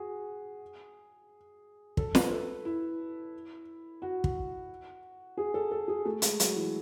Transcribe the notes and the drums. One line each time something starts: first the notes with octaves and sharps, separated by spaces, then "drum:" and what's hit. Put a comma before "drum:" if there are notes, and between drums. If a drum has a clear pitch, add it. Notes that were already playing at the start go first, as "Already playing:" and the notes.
Already playing: F#4 G#4
A4, drum: kick
B4, drum: snare
A4
E4
F#4
drum: kick
G#4
A4
A4
G#4
A3
G#3, drum: hi-hat
F#3, drum: hi-hat
E3